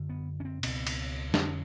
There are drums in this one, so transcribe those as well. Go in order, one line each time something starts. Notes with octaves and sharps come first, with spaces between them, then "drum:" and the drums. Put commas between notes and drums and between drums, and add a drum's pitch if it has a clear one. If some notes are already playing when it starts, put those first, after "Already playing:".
Already playing: F#2 D3
B3
C#4
C4
C#2 B2 C4, drum: cymbal
drum: cymbal
F2 D3 C#4, drum: snare